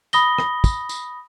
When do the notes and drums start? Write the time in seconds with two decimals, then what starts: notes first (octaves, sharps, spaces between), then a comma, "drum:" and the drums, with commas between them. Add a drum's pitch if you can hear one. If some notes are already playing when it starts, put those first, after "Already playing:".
0.13 B5 D#6 A#6 G7, drum: tambourine
0.38 drum: rim click
0.64 drum: kick, tambourine
0.89 drum: tambourine